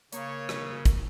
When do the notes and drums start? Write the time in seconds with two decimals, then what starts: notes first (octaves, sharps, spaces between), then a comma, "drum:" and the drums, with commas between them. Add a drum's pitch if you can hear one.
0.13 C#3 A#3 C#5, drum: hi-hat
0.49 drum: rim click
0.85 drum: kick, hi-hat